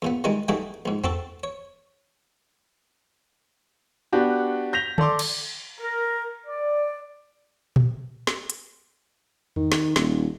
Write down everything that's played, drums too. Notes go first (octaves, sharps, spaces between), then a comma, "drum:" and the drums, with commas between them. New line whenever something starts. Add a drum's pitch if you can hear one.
E2 A#2 B3
D#3 E3 G3 G#3 D#4
E3 G3 A3 D#4 F#4 G#4
A#1 G#2
C4 F#4 A4, drum: tom E2
C#5
B3 D4 F#4 G4
G6 A#6 B6 F7
A4 D5 C6 D6, drum: tom D3
drum: cymbal
A#4
D5
drum: tom A#2
drum: snare
drum: hi-hat
D#3, drum: tom E2
drum: snare
D#1, drum: snare